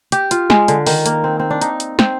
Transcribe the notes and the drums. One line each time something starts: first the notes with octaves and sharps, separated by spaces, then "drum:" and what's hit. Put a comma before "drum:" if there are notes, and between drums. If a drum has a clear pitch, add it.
G4, drum: hi-hat
F4, drum: hi-hat
G#3, drum: snare
D3, drum: hi-hat
D#3, drum: open hi-hat
A#3, drum: hi-hat
C4
C4
D4
D#4, drum: hi-hat
drum: hi-hat
C4, drum: snare